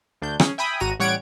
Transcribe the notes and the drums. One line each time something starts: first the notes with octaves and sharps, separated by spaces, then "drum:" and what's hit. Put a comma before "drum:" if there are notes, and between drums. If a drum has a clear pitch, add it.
D2 D4 G6
C#4 G#4, drum: rim click
E5 G5 G#5 B5 D#6
G#1 F#4 A#5 D#7
A1 G3 C#5 F#5 G#6 D7